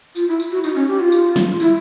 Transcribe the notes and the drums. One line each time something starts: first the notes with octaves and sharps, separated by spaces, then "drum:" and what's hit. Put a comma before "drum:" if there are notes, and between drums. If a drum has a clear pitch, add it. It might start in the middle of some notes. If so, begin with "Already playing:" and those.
F4, drum: tambourine
E4
drum: tambourine
F#4
D#4, drum: tambourine
C#4
G4
F4
drum: tambourine
drum: snare
E4, drum: tambourine